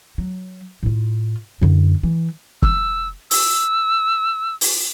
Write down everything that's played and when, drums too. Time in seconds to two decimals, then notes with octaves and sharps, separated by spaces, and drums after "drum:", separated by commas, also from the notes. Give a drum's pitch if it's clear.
0.18 F#3
0.83 A2 F4
1.62 F#2 D3
2.03 E3
2.62 E6, drum: kick
3.31 E6, drum: open hi-hat
4.61 drum: open hi-hat